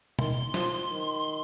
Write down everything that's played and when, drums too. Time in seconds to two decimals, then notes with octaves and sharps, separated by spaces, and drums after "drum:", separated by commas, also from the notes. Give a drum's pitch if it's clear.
0.19 D#3 C6, drum: tom B2
0.54 F3, drum: snare
0.91 D#3